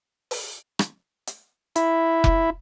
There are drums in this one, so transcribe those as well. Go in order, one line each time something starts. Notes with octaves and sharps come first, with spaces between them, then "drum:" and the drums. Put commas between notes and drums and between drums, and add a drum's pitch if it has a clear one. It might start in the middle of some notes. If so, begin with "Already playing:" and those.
drum: open hi-hat
drum: rim click
drum: hi-hat
E4, drum: hi-hat
drum: kick F1